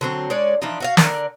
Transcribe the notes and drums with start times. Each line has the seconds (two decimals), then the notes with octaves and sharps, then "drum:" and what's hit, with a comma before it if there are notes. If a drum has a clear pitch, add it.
0.01 D3 F#3 C4
0.30 G#3 C#5 D5
0.62 E3 F3 D4 D#4
0.80 F#4 E5 F5
0.97 D3 A#4 D5, drum: snare